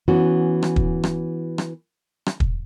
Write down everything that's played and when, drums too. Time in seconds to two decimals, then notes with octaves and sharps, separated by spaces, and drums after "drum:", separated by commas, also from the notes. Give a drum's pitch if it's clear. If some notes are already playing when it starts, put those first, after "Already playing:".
0.08 E3 B3 C#4 F#4
0.63 drum: rim click
0.76 drum: kick
1.04 drum: rim click
1.58 drum: rim click
2.26 drum: rim click
2.40 drum: kick